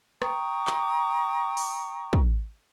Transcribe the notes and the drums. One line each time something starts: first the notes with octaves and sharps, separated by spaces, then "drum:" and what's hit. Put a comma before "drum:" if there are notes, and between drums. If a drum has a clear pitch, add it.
G5 A#5 C#6 D#6, drum: rim click
drum: clap
drum: open hi-hat
drum: kick